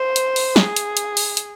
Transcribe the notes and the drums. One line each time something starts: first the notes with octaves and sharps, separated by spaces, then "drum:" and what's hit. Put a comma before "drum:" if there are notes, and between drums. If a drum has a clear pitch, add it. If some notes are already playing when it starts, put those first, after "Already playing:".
Already playing: C5
drum: hi-hat
drum: open hi-hat
G#4, drum: snare
drum: hi-hat
drum: hi-hat
drum: open hi-hat
drum: hi-hat